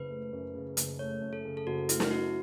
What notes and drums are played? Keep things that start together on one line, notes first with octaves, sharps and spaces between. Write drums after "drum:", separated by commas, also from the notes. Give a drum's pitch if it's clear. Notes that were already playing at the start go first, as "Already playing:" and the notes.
Already playing: F#1 C#3 B4
A3
F#2
C#3
F#1, drum: hi-hat
A3 C#5
F#2
A4
C#3
A4
F#1 F#4
A3 E4, drum: hi-hat
E4, drum: snare
F#2 F#4